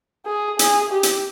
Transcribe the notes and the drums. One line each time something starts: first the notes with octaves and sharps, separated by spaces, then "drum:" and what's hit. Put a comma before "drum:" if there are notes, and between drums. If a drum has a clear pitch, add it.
G#4
G#4, drum: hi-hat
G4
drum: hi-hat